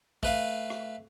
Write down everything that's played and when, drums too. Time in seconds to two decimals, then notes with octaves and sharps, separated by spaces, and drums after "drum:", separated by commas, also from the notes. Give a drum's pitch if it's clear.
0.23 A3 B4 F5, drum: kick
0.70 drum: rim click